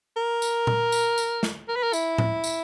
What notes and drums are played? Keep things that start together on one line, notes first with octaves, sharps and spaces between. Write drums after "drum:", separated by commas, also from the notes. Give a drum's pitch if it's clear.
A#4
drum: tambourine
drum: tom A#2
drum: tambourine
drum: tambourine
drum: snare
A#4
B4
A#4
E4, drum: tambourine
drum: tom A2
drum: tambourine